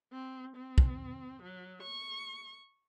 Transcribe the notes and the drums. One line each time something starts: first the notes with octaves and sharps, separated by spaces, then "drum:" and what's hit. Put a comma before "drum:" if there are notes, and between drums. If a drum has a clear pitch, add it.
C4
C4
drum: kick
F#3
C#6